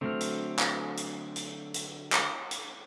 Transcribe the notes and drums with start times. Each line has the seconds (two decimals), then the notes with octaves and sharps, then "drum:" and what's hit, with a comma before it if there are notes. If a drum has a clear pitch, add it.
0.01 D3 F#3 A3 C4 F6
0.20 drum: hi-hat
0.59 drum: clap
0.97 drum: hi-hat
1.36 drum: hi-hat
1.74 drum: hi-hat
2.12 drum: clap
2.51 drum: hi-hat